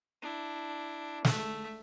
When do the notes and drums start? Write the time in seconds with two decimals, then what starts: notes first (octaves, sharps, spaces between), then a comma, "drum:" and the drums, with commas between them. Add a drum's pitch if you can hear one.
0.22 D4 E4
1.25 A3 E5, drum: snare